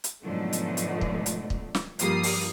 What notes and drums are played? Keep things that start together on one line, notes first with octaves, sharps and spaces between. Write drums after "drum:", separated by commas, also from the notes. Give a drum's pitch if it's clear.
drum: hi-hat
G#2 B2 D3 F3 F#3 A3
drum: hi-hat
drum: hi-hat
drum: kick
drum: hi-hat
drum: kick
drum: snare
G2 F3 G3 A#3 D#6 C7, drum: hi-hat
drum: open hi-hat